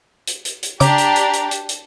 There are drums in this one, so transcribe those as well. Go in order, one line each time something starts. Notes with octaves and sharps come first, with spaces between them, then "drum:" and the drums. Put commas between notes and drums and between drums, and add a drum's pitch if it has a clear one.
drum: hi-hat
drum: hi-hat
drum: hi-hat
C#3 D4 G4 A#5 D6, drum: hi-hat
drum: hi-hat
drum: hi-hat
drum: hi-hat
drum: hi-hat
drum: hi-hat